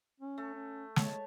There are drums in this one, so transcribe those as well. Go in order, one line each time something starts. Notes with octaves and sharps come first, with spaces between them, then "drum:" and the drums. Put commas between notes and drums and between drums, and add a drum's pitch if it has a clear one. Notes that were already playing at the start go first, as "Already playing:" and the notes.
C#4
A3
C#4
G#3 C#5 A5, drum: snare